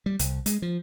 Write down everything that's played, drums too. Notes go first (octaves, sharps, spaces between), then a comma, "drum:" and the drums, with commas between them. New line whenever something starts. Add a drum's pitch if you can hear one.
G3
C2, drum: hi-hat
G#3, drum: hi-hat
F3